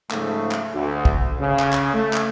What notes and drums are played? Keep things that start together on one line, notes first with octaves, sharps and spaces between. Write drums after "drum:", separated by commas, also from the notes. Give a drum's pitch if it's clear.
G#2 C#3 F3 A3, drum: clap
drum: clap
D2
drum: kick
C#3
drum: clap
drum: clap
A3
drum: clap